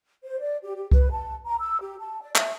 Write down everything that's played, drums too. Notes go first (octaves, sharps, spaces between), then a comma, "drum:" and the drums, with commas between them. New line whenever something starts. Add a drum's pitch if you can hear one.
C5
D5
G4
G4
B4, drum: kick C2
A5
A#5
E6
G4
A5
D5
E5, drum: clap